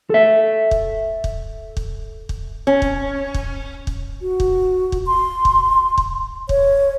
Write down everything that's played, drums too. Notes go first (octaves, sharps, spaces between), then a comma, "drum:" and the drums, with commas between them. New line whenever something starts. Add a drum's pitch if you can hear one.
A4 E5
drum: kick
drum: kick
drum: kick
drum: kick
C#4
drum: kick
drum: kick
drum: kick
F#4
drum: kick
drum: kick
C6
drum: kick
drum: kick
C#5, drum: kick